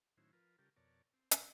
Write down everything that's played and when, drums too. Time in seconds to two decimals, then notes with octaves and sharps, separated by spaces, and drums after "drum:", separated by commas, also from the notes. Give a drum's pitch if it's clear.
0.17 A2 D#3 F#3 C#4 E4 C5
0.33 F3 F4 A#4 B4
0.59 C#3 G3 F4 G4 A4 A#4
0.76 F2 B2 A#4 C#5 D5 A5
1.14 C4
1.31 C3 C4 A#4 D#5 G5 C#6, drum: hi-hat